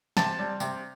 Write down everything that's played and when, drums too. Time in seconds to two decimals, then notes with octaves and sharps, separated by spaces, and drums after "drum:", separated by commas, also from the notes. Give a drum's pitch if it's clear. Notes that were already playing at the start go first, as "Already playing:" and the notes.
0.17 C3 A5, drum: snare
0.39 G3
0.60 C3, drum: tambourine